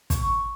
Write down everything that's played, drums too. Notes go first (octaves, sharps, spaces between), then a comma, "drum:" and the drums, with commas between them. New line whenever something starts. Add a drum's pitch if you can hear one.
C#6, drum: kick, hi-hat